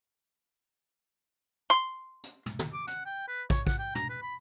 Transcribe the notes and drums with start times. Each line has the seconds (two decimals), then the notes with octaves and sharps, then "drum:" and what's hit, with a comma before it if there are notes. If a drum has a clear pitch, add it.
1.70 C6
2.24 drum: hi-hat
2.46 drum: tom
2.59 drum: tom
2.73 D6
2.87 F#5, drum: hi-hat
3.06 G5
3.28 B4
3.50 C#5, drum: kick
3.67 F#5, drum: kick
3.79 G5
3.95 A#5, drum: tom
4.09 B4
4.22 B5